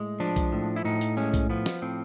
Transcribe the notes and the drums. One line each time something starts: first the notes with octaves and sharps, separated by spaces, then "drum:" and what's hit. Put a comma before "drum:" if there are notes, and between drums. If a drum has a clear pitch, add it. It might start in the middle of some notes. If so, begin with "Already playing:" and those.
Already playing: A2 G#3
F3 D4
drum: kick B1, hi-hat
A2
E4
A2 D#4
drum: hi-hat
G#3 C#4
drum: kick B1, hi-hat
F3 B3
drum: snare
A2 C4